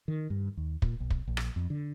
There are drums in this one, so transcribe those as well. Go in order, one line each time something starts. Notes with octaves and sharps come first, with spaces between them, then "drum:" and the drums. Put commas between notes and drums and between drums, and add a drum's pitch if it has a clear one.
D#3
G2
D#2
A#2, drum: kick
B1
drum: kick
A#1
drum: rim click
F2
D3